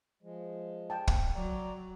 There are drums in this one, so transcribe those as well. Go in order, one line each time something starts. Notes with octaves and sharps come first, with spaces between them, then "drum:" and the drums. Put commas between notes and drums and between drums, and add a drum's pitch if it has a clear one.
F3 G#3
G5 A5
drum: kick
F#3 D5 A#5